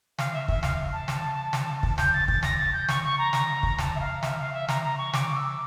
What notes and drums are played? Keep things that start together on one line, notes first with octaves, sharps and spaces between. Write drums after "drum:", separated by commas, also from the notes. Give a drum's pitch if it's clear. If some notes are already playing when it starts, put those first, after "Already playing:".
F5, drum: snare
E5
E5, drum: kick
F5, drum: snare
A5
drum: snare
drum: snare
drum: kick
G6, drum: snare
A6
A6, drum: kick
A#6, drum: snare
A6
G6
C#6, drum: snare
C#6
A#5
drum: snare
drum: kick
A5, drum: snare
E5
F5
E5, drum: snare
F5
E5
A#5, drum: snare
A#5
C#6
D6, drum: snare
E6